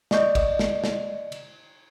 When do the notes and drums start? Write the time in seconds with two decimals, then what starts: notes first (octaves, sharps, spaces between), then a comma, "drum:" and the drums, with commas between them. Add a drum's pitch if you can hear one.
0.11 D5 D#5 C#6 G6, drum: snare
0.35 drum: kick A1, cymbal
0.59 drum: snare
0.84 drum: snare
1.32 drum: cymbal